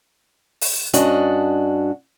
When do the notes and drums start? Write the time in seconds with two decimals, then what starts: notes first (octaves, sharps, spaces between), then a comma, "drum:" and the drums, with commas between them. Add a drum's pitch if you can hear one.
0.61 drum: open hi-hat
0.93 G2 C#4 D4 F#4 D#5, drum: hi-hat